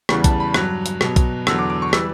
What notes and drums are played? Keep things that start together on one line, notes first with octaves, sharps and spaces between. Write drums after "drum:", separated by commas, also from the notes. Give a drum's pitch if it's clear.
E2 C#3 E3 G3 C#6, drum: rim click
A5, drum: kick B1, hi-hat
B5
G2 F#3 F#6, drum: rim click
drum: hi-hat
B2 F#3, drum: rim click
drum: kick B1, hi-hat
E2 D3 F#3 E6, drum: rim click
D6
D6
C#6
E3 G3 E6, drum: rim click